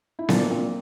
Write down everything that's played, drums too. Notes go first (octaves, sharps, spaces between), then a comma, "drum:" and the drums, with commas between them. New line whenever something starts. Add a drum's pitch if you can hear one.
E4
A#2 D4, drum: snare B3
A#2 C4